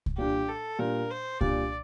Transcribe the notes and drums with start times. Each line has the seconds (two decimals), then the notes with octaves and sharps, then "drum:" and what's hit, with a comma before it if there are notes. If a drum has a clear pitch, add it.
0.06 drum: kick C2
0.18 A#2 G3 D4 G4
0.49 A4
0.79 A#2 G3 D4 A#4
1.11 C5
1.41 A#2 G3 D4 D5, drum: kick C2